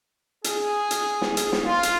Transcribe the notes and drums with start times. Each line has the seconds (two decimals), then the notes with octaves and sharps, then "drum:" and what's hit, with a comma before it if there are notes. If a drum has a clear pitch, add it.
0.44 G#4, drum: hi-hat
0.91 drum: hi-hat
1.21 drum: snare
1.37 drum: hi-hat
1.52 drum: snare
1.64 F4
1.83 drum: hi-hat